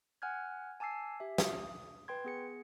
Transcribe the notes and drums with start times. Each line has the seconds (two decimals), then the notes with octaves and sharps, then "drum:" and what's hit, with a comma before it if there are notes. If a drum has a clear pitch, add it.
0.22 F#5 G#5 F6 F#6 G#6
0.80 G#5 A5 D6 E6 C7
1.20 G4 E5
1.38 D#6, drum: snare
2.08 B4 G5 C6 G#6
2.24 B3 G#4 C#7